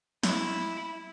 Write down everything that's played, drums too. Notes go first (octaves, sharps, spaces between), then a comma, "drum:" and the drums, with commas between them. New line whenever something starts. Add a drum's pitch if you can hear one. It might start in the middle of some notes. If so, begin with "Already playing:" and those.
E4, drum: snare